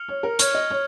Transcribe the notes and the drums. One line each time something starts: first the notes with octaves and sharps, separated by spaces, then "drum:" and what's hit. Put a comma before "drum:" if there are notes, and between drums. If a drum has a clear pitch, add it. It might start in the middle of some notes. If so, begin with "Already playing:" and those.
Already playing: F6 C#7 F7
C#5
A#4
C#5 C#6 F6 G#6, drum: hi-hat
D#5
C#5